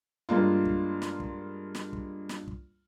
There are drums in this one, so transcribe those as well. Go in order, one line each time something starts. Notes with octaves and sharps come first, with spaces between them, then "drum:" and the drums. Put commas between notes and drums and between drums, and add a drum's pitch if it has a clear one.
G2 G#3 A#3 F4
drum: kick
drum: snare
drum: kick
drum: snare
drum: kick
drum: snare
drum: kick